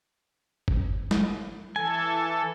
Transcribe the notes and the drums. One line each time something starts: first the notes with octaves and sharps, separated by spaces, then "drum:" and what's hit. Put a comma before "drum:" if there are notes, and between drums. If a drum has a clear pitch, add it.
drum: kick G1
drum: snare
E3 A4 G#5